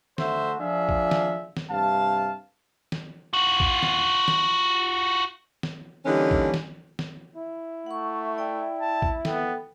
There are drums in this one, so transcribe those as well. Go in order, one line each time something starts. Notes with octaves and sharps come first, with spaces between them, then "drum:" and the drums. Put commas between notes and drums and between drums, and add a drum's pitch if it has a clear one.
D3 A3 F#4 C5 E5, drum: snare
F3 D4 F4 G#4 E5
drum: kick
drum: snare
drum: snare
G2 C3 F5 A5
drum: snare
F4 F#4
drum: kick
drum: snare
drum: snare
drum: snare
D3 E3 G3 A#3 C#4 D#4
drum: kick
drum: snare
drum: snare
E4
A3 F#5 C#6
D5 G5
A5
drum: kick
B3 A4 G5, drum: snare